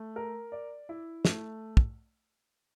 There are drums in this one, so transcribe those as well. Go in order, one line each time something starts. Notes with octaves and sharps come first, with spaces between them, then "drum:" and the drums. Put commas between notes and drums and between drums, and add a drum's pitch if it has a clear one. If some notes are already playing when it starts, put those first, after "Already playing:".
Already playing: A3
A#4
D5
E4
A3, drum: snare
drum: kick